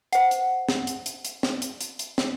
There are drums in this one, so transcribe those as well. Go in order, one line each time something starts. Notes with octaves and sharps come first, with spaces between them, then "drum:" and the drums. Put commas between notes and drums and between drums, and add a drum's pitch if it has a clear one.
C5 F#5, drum: hi-hat
drum: hi-hat
drum: snare
drum: hi-hat
drum: hi-hat
drum: hi-hat
drum: snare
drum: hi-hat
drum: hi-hat
drum: hi-hat
drum: snare